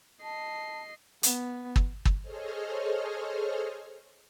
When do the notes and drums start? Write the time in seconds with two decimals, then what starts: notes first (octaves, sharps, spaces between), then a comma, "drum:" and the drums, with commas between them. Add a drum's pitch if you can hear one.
0.23 D#5 A5 C7
1.23 B3, drum: hi-hat
1.76 drum: kick
2.05 drum: kick
2.22 G#4 A4 C5 C#5 D#5 F6